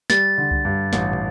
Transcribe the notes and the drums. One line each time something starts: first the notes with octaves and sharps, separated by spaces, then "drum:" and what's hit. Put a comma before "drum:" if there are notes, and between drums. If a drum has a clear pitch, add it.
G3 A6, drum: snare
D3
drum: kick C2
G2
A1, drum: snare
drum: tom